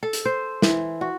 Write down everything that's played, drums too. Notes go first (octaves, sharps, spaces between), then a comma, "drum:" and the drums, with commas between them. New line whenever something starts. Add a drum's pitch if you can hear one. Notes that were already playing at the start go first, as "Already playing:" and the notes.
A4
drum: hi-hat
C5
E3, drum: snare
F#4